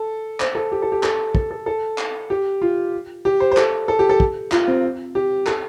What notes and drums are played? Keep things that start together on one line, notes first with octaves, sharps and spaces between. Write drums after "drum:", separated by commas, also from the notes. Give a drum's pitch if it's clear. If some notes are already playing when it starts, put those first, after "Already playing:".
Already playing: A4
C5, drum: clap
A4
G4
A4
G4
A4, drum: clap
A4, drum: kick
A4
A4
drum: clap
G4
F4
G4
C5
C5
A4, drum: clap
A4
G4
A4
drum: kick
F4, drum: clap
C4
G4
A4, drum: clap